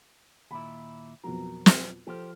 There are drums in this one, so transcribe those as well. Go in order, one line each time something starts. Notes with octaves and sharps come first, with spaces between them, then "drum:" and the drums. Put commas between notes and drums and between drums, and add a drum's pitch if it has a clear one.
D#2 A#2 E4 B5
F2 B2 F#3 A#4
drum: snare
F3 G4 A4 C5 F6